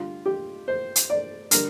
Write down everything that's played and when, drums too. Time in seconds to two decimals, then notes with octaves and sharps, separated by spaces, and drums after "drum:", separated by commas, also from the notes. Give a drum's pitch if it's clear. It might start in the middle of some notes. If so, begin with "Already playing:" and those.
Already playing: D3 G3 F4
0.26 G4
0.68 C5
0.96 drum: hi-hat
1.10 D5
1.51 D3 G3 A#4, drum: hi-hat